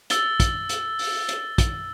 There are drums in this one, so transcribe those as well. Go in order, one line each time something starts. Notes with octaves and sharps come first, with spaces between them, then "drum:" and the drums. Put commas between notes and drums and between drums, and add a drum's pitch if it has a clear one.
E6 A6 G7, drum: hi-hat
drum: kick, hi-hat
drum: hi-hat
drum: open hi-hat
drum: hi-hat
drum: kick, hi-hat